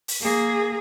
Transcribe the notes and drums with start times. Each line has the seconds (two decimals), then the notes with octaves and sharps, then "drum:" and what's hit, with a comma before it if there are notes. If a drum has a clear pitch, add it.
0.08 drum: open hi-hat
0.21 A#3 G#4